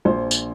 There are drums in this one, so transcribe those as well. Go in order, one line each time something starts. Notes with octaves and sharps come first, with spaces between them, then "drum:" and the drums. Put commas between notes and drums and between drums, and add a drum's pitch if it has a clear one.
A#1 C5
drum: tambourine